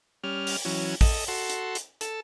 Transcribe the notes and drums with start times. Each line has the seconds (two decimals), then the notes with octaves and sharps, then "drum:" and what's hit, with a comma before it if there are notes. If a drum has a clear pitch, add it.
0.24 G3 C#4 F6
0.47 drum: open hi-hat
0.65 E3 F#3 C#4
1.01 A4 D#5, drum: kick, open hi-hat
1.28 F#4 A4 C6
1.50 drum: hi-hat
1.75 drum: hi-hat
2.01 A4, drum: hi-hat